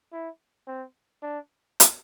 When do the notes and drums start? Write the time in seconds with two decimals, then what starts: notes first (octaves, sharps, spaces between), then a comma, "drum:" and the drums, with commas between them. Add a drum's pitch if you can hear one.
0.13 E4
0.67 C4
1.23 D4
1.80 drum: hi-hat